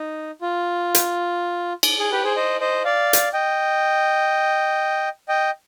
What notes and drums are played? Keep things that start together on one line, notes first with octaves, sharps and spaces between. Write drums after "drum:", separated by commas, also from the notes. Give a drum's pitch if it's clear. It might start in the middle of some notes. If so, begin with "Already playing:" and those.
Already playing: D#4
F4
drum: hi-hat
drum: cymbal
G#4
G4 B4
G#4 C5
C5 D#5
C5 D#5
D5 F5
drum: hi-hat
D#5 G5
D#5 G5